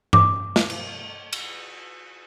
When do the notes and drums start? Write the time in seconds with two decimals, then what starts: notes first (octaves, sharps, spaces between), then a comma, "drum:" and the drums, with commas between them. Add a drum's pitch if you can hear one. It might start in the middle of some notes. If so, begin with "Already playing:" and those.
0.13 D6 D#6, drum: tom G2
0.56 drum: snare
0.70 drum: cymbal
1.33 drum: cymbal